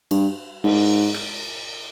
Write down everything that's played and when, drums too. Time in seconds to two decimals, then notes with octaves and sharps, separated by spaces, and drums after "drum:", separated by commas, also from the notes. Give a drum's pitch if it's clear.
0.11 G2, drum: cymbal
0.64 G#2, drum: cymbal
1.14 drum: rim click